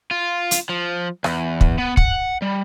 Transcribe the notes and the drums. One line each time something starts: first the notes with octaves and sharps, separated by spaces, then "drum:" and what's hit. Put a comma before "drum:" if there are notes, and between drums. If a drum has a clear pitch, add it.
F4
drum: hi-hat
F3
E2, drum: rim click
drum: kick
B3
F#5, drum: kick
G3